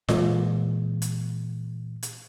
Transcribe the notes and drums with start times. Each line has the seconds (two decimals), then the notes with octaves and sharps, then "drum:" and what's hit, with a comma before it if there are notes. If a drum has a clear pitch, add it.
0.09 A#2 E3 G#3, drum: snare F4
1.02 drum: hi-hat
2.03 drum: hi-hat